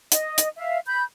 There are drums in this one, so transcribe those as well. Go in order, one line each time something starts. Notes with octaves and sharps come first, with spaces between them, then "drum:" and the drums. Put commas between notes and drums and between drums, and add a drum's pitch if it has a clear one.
D#5, drum: hi-hat
drum: hi-hat
E5 F5
B5 G6